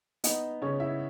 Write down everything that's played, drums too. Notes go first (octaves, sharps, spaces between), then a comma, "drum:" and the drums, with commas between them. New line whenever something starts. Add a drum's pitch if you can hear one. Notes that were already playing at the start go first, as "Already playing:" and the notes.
B3 D#4 D#5, drum: hi-hat
C#3 C#4 C#5
E4 E5